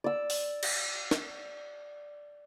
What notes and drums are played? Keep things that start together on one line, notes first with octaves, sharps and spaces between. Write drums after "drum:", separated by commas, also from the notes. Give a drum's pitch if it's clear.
D5 E6
drum: open hi-hat
drum: cymbal
drum: snare